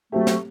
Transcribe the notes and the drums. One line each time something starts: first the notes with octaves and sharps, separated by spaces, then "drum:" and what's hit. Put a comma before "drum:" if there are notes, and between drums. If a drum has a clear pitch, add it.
F#3 A3 C4 G4
drum: snare